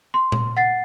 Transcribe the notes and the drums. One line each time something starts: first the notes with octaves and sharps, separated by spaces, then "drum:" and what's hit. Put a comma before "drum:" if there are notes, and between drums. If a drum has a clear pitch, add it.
C6
drum: tom A#2
F#5 A6 C7